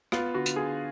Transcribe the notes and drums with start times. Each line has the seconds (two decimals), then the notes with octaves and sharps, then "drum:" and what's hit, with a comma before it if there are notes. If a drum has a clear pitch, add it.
0.12 B3 F4, drum: rim click
0.34 D3 F#4
0.46 drum: hi-hat
0.56 D3 G#4